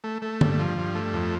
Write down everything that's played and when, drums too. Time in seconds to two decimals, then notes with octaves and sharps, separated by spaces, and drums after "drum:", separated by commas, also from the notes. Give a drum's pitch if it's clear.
0.04 A3
0.22 A3
0.41 G2, drum: tom D3
0.59 F3
0.78 G2
0.95 A3
1.13 F2